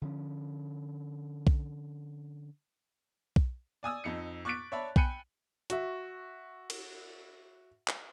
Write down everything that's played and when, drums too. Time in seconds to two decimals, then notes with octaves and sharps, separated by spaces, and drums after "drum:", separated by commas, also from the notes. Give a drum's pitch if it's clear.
0.02 D3 F3 C#4
1.47 drum: kick B1
3.36 drum: kick B1
3.83 D5 G#5 D#6 E6
4.04 F2 D#4 C#7
4.45 C#6 D6 F#6 A6 B6 D7
4.72 C#5 D5 E5 A5 B5
4.96 G5 G#5 B5 F#6 C#7 D#7, drum: kick B1
5.70 F#4 E5, drum: hi-hat
6.70 drum: cymbal
7.88 drum: clap